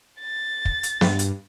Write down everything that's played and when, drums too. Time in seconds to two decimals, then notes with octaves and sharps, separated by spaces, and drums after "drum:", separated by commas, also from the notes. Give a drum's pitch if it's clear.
0.21 A6
0.65 drum: kick
0.83 drum: hi-hat
1.01 G2, drum: snare
1.19 drum: hi-hat